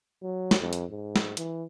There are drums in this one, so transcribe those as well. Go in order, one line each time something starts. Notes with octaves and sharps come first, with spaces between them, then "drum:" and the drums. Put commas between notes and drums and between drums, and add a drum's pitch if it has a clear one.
F#3
drum: snare
F2
drum: hi-hat
G#2
drum: snare
E3, drum: hi-hat